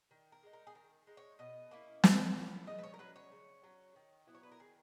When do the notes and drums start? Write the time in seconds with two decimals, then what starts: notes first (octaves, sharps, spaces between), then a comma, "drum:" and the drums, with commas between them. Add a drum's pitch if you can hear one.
0.11 D#3
0.32 A#4
0.43 G#3 D#4
0.53 A#4
0.67 G#4
0.75 D#3 A#4
1.07 G#3 D#4
1.17 C#5
1.39 B2 D#5
1.71 A#3 C#4 E4
2.04 B2, drum: snare
2.35 A#3 C#4 E4
2.67 C#3 D#5
2.78 B4
2.83 C#5
2.94 A#4
2.99 F#3 C#4 B4
3.16 C#5
3.32 C#3
3.63 F#3 C#4
3.96 D#3
4.27 F#3 B3 E4
4.34 C#5
4.43 B4
4.52 A#4
4.59 D#3 G#4